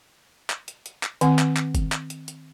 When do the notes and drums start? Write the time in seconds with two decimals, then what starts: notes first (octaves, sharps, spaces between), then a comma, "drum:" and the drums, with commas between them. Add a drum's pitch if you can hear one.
0.50 drum: clap
0.68 drum: hi-hat
0.86 drum: hi-hat
1.03 drum: clap
1.21 D#3 C4 F#5, drum: hi-hat
1.39 drum: clap
1.57 drum: clap
1.75 drum: kick, hi-hat
1.92 drum: clap
2.10 drum: hi-hat
2.28 drum: hi-hat